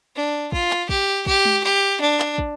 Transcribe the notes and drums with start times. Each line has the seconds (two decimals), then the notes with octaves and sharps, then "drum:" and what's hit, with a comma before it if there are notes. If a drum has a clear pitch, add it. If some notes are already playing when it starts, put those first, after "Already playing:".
0.15 D4
0.52 F4, drum: kick
0.71 drum: clap
0.89 G4, drum: kick
1.26 G4, drum: kick
1.45 drum: tom G#3
1.64 G4
2.01 D4
2.20 drum: clap
2.38 drum: kick